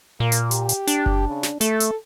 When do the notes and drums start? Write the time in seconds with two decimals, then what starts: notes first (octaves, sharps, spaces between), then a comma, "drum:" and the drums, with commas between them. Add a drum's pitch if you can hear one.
0.20 A#2 A#3
0.32 drum: hi-hat
0.51 G4, drum: hi-hat
0.69 drum: hi-hat
0.87 D4, drum: hi-hat
1.06 drum: kick F#1
1.28 C#3
1.43 drum: snare
1.61 A3 A4, drum: hi-hat
1.80 drum: hi-hat